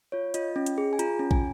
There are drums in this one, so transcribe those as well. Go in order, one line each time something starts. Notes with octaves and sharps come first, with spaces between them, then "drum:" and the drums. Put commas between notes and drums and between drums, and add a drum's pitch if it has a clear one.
F4 C#5
F4 D#5, drum: hi-hat
C#4
drum: hi-hat
G#4
G#5
F4 A#5, drum: hi-hat
C#4
G#5, drum: kick